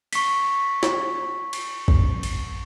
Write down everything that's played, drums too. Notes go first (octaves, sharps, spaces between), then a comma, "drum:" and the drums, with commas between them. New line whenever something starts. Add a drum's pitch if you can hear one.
C#6 B6, drum: cymbal
drum: snare
drum: cymbal
drum: kick
drum: cymbal